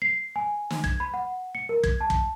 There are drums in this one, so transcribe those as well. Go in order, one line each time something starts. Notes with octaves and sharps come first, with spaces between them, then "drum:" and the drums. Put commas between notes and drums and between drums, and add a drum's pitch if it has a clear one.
C7
G#5
drum: snare
G#6, drum: kick
B5
F#5
C#7
A#4
G#6, drum: kick
A5
drum: kick